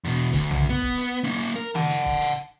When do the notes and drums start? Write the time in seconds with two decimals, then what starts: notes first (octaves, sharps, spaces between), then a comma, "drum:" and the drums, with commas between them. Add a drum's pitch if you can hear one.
0.04 E2 B2, drum: hi-hat
0.32 D2, drum: kick, hi-hat
0.51 drum: tom B1
0.70 B3
0.82 drum: kick
0.97 drum: hi-hat
1.24 A#3 C#4
1.56 A#4
1.75 F#5 A5, drum: tom D#3
1.90 drum: hi-hat
2.05 drum: kick
2.21 drum: hi-hat